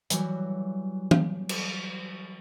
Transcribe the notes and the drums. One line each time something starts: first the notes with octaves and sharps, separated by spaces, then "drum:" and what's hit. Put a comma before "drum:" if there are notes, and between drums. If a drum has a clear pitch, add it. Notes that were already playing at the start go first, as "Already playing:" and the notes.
E3 F#3 G3 F#4, drum: hi-hat
drum: tom
drum: cymbal